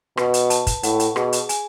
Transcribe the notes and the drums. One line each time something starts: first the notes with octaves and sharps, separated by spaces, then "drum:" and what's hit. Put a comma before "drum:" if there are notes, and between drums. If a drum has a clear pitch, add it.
B2 B4, drum: rim click
drum: hi-hat
A5, drum: hi-hat
drum: kick, hi-hat
A2 F#5, drum: hi-hat
drum: hi-hat
B2 G#4, drum: rim click
drum: hi-hat
G#5, drum: hi-hat